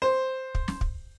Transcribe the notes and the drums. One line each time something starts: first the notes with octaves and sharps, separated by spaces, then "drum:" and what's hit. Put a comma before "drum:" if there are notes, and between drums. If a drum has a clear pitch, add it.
C5
drum: kick
drum: snare
drum: kick